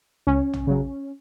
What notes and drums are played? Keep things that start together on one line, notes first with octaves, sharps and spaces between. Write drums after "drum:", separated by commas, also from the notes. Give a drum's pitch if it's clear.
C#2 C#4
drum: tom
C#3 F#3